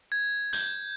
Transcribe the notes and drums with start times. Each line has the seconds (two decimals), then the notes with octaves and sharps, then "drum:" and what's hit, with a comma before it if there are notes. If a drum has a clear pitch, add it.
0.12 G#6
0.53 G6, drum: tambourine